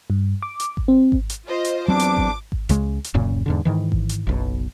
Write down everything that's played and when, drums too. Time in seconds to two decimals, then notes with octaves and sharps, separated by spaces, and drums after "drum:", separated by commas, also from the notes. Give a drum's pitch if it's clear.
0.10 G2
0.42 D6
0.60 drum: hi-hat
0.77 drum: kick G#1
0.88 C4
1.12 drum: kick G#1
1.30 drum: hi-hat
1.47 F4 C5 D#5
1.65 drum: hi-hat
1.88 E2 F#3 C4 D4 D6
1.99 drum: hi-hat
2.17 drum: kick G#1
2.52 drum: kick G#1
2.69 C#2 C#3 G#3, drum: hi-hat
3.04 drum: hi-hat
3.14 D1 F#2 A#2 C#3
3.46 E2 G#2 D3
3.65 G#2 D#3 E3
3.92 drum: kick G#1
4.09 drum: hi-hat
4.27 F#1 B1 B2